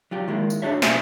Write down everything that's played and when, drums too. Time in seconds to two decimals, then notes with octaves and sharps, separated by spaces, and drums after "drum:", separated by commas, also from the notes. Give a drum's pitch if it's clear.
0.11 F#3 F4 G4
0.28 D#3 G#3 A#3 E4
0.50 drum: tambourine
0.62 D4 F#4 G#4 A4 C#5 E5
0.82 B1 C5 E5 G#5, drum: snare